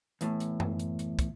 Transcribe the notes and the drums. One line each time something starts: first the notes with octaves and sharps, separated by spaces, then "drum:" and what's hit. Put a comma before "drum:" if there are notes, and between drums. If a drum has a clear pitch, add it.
E2 A2, drum: hi-hat
drum: hi-hat
drum: tom F#2
drum: hi-hat
drum: hi-hat
drum: kick, hi-hat